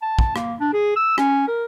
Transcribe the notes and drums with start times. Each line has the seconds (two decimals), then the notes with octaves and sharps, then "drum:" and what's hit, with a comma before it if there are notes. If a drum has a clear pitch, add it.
0.02 A5
0.19 drum: kick
0.36 A#3, drum: rim click
0.60 D4
0.73 G#4
0.96 E6
1.18 C#4, drum: rim click
1.48 A#4